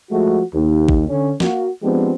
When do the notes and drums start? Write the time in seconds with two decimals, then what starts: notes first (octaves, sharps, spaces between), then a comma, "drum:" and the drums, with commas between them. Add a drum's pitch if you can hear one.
0.10 F3 G#3 A3 F#4
0.54 D#2
0.89 drum: kick A1
1.08 D3 C#4
1.40 A#3 F#4, drum: snare
1.82 F3 G#3 B3 C4 D4 G4